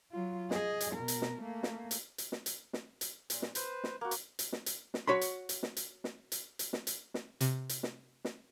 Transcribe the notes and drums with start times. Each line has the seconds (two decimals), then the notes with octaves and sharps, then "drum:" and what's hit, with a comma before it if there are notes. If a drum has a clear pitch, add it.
0.12 F#3 F4
0.51 G#4 D#5, drum: snare
0.80 drum: hi-hat
0.94 B2 A#4
1.08 drum: hi-hat
1.22 drum: snare
1.42 A3 A#3
1.63 drum: snare
1.91 drum: hi-hat
2.18 drum: hi-hat
2.32 drum: snare
2.46 drum: hi-hat
2.73 drum: snare
3.01 drum: hi-hat
3.30 A#2, drum: hi-hat
3.42 drum: snare
3.55 B4 C5, drum: hi-hat
3.84 drum: snare
4.01 A#3 F#4
4.11 drum: hi-hat
4.39 drum: hi-hat
4.53 drum: snare
4.66 drum: hi-hat
4.94 drum: snare
5.07 F#4 C#5 B5 C6
5.21 drum: hi-hat
5.49 drum: hi-hat
5.63 drum: snare
5.77 drum: hi-hat
6.04 drum: snare
6.32 drum: hi-hat
6.59 drum: hi-hat
6.73 drum: snare
6.87 drum: hi-hat
7.14 drum: snare
7.41 C3, drum: hi-hat
7.69 drum: hi-hat
7.83 drum: snare
8.25 drum: snare